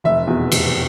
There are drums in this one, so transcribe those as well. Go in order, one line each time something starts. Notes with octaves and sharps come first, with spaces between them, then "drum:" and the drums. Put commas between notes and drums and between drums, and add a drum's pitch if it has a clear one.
F1 E5
E2 B2
F1, drum: cymbal